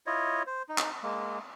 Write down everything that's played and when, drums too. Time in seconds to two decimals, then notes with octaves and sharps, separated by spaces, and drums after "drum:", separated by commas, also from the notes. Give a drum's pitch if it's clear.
0.07 E4 F4 C#5 D#5
0.47 C5
0.69 D#4
0.78 drum: clap
1.03 G#3 A#3